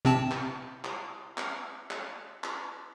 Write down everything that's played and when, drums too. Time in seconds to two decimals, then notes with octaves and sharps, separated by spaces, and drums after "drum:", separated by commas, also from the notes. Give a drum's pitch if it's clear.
0.05 C3 C4 A5
0.31 drum: clap
0.84 drum: clap
1.38 drum: clap
1.91 drum: clap
2.44 drum: clap